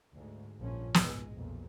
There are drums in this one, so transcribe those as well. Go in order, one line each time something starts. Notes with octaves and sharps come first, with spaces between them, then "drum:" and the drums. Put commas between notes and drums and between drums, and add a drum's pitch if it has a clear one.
D2 G#2
A#1 G2 F3 C#4
C#2 G#2 B2 G#3, drum: snare
B1 F2 A#2